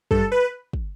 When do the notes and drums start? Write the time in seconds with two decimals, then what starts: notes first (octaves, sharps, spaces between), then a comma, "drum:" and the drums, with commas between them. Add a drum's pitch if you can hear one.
0.11 G2 A4, drum: kick
0.32 B4
0.73 drum: kick